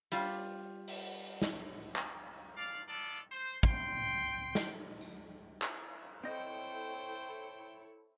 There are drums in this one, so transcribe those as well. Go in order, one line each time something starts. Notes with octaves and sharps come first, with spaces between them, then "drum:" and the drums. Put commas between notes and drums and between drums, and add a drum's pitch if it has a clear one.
G3 F4, drum: hi-hat
drum: open hi-hat
drum: snare
drum: clap
D5 F5
B3 F4 A4 D5
C5
G5 C6, drum: kick
drum: snare
drum: tambourine
E4, drum: clap
C4 E4 A4 C5 C#5 D#5 G5